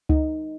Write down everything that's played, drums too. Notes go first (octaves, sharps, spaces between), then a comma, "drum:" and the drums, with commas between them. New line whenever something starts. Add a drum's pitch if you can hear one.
D#4, drum: kick C#2